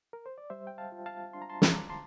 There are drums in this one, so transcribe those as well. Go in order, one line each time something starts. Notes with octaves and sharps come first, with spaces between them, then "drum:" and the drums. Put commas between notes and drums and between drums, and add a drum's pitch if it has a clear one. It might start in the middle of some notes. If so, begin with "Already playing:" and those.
A#4
C5
D5
G3 C5 E5
G5
F5 A5
F4
F5 A5
D4 C6
A#5
A5 C6
A#5 D6, drum: snare
D3
A5 C6